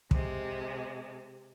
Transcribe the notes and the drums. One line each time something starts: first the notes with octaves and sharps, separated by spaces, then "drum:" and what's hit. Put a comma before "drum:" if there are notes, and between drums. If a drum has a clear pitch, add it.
C3 G#3, drum: kick